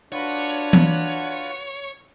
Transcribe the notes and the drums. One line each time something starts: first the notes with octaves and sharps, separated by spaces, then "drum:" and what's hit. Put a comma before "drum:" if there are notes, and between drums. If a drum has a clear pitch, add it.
D4 F4 F#4 B4 C#5 F#5
drum: tom E3